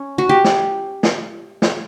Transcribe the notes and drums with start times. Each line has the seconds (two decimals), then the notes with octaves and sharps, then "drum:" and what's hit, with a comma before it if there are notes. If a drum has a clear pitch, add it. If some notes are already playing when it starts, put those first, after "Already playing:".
Already playing: C#4
0.18 F#4
0.29 G4
0.44 drum: snare
1.03 drum: snare
1.62 drum: snare